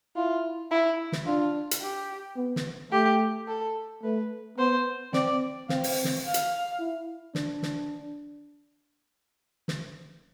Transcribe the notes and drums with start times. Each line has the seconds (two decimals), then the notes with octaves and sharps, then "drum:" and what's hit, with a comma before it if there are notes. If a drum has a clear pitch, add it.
0.16 E4 F4
0.71 E4
1.12 drum: snare
1.26 D4 F4
1.71 drum: hi-hat
1.81 G4
2.36 B3
2.56 drum: snare
2.92 A3 G4
3.47 A4
4.03 A3 B4
4.58 B3 C5
5.13 C4 D5, drum: snare
5.69 C4 F5, drum: snare
5.84 drum: open hi-hat
6.04 drum: snare
6.24 F5
6.34 drum: hi-hat
6.79 E4
7.35 D4, drum: snare
7.62 drum: snare
9.68 drum: snare